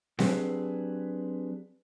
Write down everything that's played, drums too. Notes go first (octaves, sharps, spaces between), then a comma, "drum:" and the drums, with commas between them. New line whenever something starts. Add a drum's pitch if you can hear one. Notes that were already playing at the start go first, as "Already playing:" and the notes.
F#3 C4 D4 G4 G#4 B4, drum: snare C4